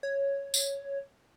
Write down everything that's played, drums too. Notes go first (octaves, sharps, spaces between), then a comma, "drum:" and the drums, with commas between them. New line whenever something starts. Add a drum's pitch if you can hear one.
C#5
drum: tambourine